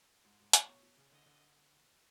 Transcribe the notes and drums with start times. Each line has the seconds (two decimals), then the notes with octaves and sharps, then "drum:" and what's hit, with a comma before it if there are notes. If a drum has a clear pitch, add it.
0.24 G#2
0.39 G#2
0.53 A2 C#5, drum: hi-hat
0.68 B2
0.83 B2
0.97 C#3
1.12 D3 D#5
1.26 D3